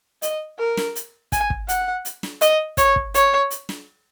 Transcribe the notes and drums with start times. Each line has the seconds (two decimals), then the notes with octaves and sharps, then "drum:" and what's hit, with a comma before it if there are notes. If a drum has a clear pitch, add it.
0.22 D#5, drum: hi-hat
0.59 A#4
0.77 drum: snare
0.96 drum: hi-hat
1.32 G#5, drum: kick, hi-hat
1.50 drum: kick
1.69 F#5, drum: hi-hat
2.05 drum: hi-hat
2.23 drum: snare
2.41 D#5, drum: hi-hat
2.77 C#5, drum: kick, hi-hat
2.96 drum: kick
3.14 C#5, drum: hi-hat
3.51 drum: hi-hat
3.69 drum: snare